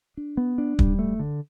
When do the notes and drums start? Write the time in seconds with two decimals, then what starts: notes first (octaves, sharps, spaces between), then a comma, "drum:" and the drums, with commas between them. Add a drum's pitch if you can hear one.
0.17 D4
0.37 B3
0.58 D4
0.79 G3, drum: kick
0.99 A3
1.19 D3